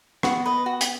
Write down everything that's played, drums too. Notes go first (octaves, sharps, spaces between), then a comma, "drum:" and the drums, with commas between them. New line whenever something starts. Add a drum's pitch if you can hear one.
B3 F#4, drum: rim click
B4 D#5
F#4
drum: hi-hat